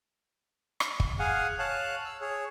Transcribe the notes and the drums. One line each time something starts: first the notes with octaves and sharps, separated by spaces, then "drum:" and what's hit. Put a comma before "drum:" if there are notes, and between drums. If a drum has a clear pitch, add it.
drum: rim click
drum: kick
G#4 F5 F#5 G#5
C#5 F5 A5 F#6
E6
G#4 C#5